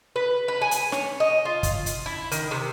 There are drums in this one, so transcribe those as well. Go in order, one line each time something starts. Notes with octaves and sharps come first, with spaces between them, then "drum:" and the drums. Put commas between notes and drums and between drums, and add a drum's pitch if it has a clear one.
B4
B4
G#5
drum: hi-hat
C#5, drum: snare
D#5
F4
drum: kick, hi-hat
drum: hi-hat
E4
D#3, drum: hi-hat
C3